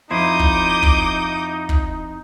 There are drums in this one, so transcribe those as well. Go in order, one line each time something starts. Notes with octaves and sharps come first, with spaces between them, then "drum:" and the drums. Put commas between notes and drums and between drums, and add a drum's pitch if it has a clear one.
F2 D#4 E4 C5 D6 D#6 G6
drum: kick
drum: kick
drum: kick